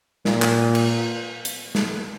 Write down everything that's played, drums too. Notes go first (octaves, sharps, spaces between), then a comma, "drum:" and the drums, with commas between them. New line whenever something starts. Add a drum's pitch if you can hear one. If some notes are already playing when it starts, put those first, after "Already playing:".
A#2, drum: snare
drum: clap
drum: cymbal
drum: hi-hat
drum: snare